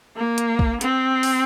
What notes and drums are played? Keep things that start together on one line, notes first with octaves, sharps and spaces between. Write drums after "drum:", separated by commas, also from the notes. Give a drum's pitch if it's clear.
A#3
drum: hi-hat
drum: kick
C4, drum: hi-hat
drum: open hi-hat